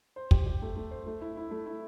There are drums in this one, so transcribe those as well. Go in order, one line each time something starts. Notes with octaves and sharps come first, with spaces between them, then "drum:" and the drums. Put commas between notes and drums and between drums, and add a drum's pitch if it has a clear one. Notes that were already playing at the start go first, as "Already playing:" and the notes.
C5
G4, drum: kick
G4
A3
A3
C5
A3
E4
E4
A3
E4